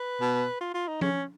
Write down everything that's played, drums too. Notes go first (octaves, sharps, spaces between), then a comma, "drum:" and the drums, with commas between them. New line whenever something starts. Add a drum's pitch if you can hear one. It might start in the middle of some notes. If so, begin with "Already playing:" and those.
Already playing: B4
B2
F4
F4
D#4
C#3 C#4, drum: tom F3